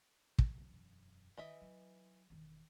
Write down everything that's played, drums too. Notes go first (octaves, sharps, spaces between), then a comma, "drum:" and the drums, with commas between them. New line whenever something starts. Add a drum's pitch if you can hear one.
drum: kick
E1 F#2
D#3 E3 E4 D#5 E5
F#3
E1 D#3